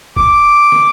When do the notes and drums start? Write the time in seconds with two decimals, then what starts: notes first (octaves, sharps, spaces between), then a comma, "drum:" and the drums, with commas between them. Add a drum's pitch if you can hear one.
0.16 D6, drum: kick E1
0.72 drum: snare